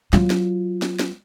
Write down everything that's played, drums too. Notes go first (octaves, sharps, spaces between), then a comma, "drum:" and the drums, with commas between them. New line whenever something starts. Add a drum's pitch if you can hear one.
F#3 F4, drum: snare
drum: snare
drum: snare
drum: snare